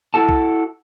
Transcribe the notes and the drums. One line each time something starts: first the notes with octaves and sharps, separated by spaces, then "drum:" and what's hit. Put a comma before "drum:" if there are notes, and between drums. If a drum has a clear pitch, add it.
E4 F#4 A4 A5
drum: kick B1